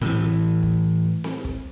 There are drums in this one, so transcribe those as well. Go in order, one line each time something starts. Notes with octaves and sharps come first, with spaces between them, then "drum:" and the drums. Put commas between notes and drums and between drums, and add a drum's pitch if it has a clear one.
A2 E3, drum: snare C4
drum: kick
drum: snare C4
drum: kick